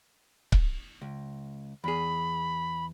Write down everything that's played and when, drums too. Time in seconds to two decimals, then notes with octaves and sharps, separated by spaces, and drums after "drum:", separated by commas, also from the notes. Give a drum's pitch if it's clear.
0.52 drum: kick C#1
1.02 C#2
1.84 E2 G#4 B5